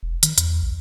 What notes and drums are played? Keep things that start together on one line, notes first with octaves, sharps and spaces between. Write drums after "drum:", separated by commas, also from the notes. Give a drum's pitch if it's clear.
E1
D#3, drum: hi-hat
E2, drum: hi-hat
A#1